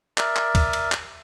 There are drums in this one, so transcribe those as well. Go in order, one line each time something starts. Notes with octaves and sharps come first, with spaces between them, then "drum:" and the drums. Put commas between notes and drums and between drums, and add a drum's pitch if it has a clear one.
A#4 D5 E5, drum: clap
drum: clap
drum: kick, cymbal
drum: cymbal
drum: clap